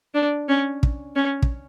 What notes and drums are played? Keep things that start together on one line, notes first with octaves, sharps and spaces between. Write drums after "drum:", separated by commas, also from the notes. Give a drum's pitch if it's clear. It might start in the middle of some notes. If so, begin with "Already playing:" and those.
D4
C#4
drum: kick
C#4
drum: kick